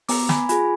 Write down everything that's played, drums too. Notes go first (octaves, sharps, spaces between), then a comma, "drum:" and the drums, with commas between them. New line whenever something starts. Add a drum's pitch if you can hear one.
B3 A#5 D6, drum: open hi-hat
G#5 B5, drum: snare
F4 G#4 G#5 B5, drum: hi-hat